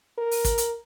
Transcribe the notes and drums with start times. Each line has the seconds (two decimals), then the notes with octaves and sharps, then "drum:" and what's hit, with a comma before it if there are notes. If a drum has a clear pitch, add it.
0.18 A#4
0.31 drum: open hi-hat
0.45 drum: kick, hi-hat
0.58 drum: hi-hat